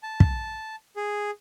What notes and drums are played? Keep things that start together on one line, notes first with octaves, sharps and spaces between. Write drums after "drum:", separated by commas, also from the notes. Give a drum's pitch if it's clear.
A5
drum: kick
G#4